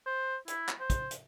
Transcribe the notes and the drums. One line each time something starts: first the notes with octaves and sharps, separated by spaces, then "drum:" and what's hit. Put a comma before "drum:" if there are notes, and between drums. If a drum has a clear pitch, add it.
C5
E4, drum: hi-hat
drum: clap
C5
drum: kick, hi-hat
drum: hi-hat